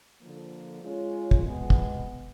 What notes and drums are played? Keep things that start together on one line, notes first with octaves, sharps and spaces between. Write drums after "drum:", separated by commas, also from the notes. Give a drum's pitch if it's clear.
D3 F3 A#3
G#3 C#4 F4
drum: kick
B2 G#3 B3
drum: kick